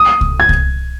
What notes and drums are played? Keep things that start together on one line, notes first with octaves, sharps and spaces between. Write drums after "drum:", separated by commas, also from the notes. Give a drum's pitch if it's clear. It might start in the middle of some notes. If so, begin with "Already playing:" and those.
Already playing: D#6
drum: kick C2
G#6
drum: kick C2